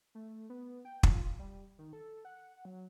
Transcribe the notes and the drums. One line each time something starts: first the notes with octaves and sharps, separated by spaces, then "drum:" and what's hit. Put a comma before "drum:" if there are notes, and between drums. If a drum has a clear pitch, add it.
A3
B3
G5
F4, drum: kick
G3
D#3
A4
F#5
F#3